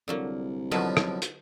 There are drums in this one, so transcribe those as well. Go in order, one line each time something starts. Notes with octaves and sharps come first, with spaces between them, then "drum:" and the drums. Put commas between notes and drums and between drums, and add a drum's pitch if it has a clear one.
C2 D3 F#3 A#3
B2 D3 F3 F#3 A#4 B4 A5
drum: rim click
drum: hi-hat